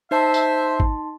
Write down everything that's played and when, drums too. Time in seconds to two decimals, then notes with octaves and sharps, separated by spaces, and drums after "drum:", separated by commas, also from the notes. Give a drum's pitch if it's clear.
0.11 D#4 C5 E5 A5 C6
0.34 drum: tambourine
0.80 drum: kick G#1